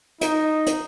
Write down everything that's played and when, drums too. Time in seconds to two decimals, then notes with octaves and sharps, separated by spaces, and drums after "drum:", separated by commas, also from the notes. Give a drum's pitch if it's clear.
0.21 D#4, drum: hi-hat
0.67 drum: hi-hat